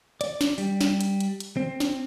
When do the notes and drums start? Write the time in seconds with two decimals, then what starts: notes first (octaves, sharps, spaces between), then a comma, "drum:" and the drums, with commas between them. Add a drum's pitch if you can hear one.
0.21 D5, drum: hi-hat
0.41 drum: snare
0.58 G3, drum: open hi-hat
0.81 drum: snare
1.01 drum: hi-hat
1.20 drum: hi-hat
1.40 drum: hi-hat
1.57 C4
1.80 drum: snare